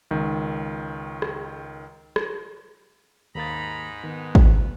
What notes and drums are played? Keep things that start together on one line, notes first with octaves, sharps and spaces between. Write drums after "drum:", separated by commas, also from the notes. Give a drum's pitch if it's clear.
C#2 D#3
drum: rim click
drum: rim click
D#2 G#2 A#3 D#4 A#5 B5 A6
D#3 B3
drum: kick G#1